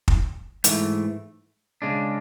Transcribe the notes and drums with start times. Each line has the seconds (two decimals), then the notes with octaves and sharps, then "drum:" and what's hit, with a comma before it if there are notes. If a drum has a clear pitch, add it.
0.08 drum: kick
0.64 G#2 E3 A3, drum: hi-hat
1.82 C#3 G#3 D4